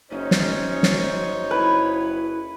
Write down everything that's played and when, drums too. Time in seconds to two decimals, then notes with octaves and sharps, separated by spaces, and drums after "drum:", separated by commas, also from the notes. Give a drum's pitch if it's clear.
0.11 F#1 C#4 D#4 C5 C#5
0.31 drum: snare
0.83 drum: snare
1.51 E4 B4